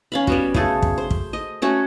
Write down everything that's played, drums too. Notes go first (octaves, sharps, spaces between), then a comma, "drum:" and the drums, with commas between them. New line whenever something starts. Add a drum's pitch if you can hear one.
C#4 F5 B5
G3 B3 F#4, drum: kick
C#3 A3 G#4 A4, drum: kick
drum: kick
C5
drum: kick
D#5
A3 C#4 F#4